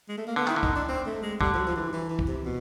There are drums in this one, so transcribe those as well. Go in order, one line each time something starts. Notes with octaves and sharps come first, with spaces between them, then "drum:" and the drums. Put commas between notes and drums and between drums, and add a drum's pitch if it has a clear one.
G#3
A3
A#3
D3 B3
D#3 E4, drum: clap
D3
D#4, drum: kick
D4
C4
A3
G#3
D3 G3, drum: kick
F3
F#3
F3
E3
E3
E3
drum: kick
C3
B2